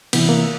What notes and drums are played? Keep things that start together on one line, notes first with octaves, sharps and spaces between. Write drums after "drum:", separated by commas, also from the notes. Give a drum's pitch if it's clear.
C3 E3 B3, drum: cymbal
A#3